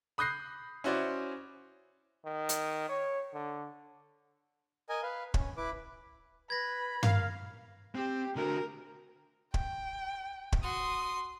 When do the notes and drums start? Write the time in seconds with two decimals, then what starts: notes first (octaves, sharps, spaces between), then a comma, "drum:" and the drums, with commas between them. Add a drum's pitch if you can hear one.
0.18 B5 D#6 F#6 G6 A#6 C7
0.84 C#4 E4 F#4 C5 D5
2.25 D#3
2.49 drum: hi-hat
2.89 C#5
3.34 D3
4.89 A#4 D#5 G#5
5.03 B4 F5
5.34 C#4, drum: kick
5.57 E4 B4 D6
6.50 B4 B5 G#6 A#6
7.03 A#4 F5, drum: tom G2
7.95 C4 G4
8.36 D3 F#4 A#4
9.54 G5, drum: kick
10.52 drum: kick
10.63 F#4 C6 D#6